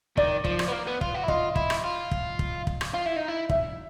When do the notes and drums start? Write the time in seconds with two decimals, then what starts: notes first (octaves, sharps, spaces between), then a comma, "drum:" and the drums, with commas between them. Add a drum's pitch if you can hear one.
0.17 D#3 D5, drum: kick
0.45 F3, drum: kick
0.59 drum: rim click
0.68 B3
0.73 A#3
0.87 B3
1.01 F4, drum: kick
1.14 F#4
1.23 E4
1.28 F4 D#5, drum: kick
1.56 E4, drum: kick
1.70 drum: rim click
1.84 F4
2.11 drum: kick
2.39 drum: kick
2.67 drum: kick
2.81 drum: rim click
2.94 F4
3.06 E4
3.16 D#4
3.28 E4
3.49 E5, drum: kick